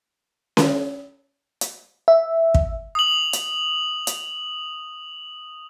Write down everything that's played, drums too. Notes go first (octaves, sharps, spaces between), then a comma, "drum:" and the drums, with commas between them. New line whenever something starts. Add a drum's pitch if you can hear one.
drum: snare C#4
drum: hi-hat
E5
drum: kick
D#6 F#7
drum: hi-hat
drum: hi-hat